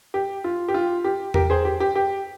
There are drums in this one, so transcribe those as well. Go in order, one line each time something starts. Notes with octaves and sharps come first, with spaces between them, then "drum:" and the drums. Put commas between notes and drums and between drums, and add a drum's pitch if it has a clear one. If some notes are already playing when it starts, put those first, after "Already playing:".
G4
F4
G4
F4
G4
G4 A#4, drum: tom E2
G#4 C5
G4
G4
G4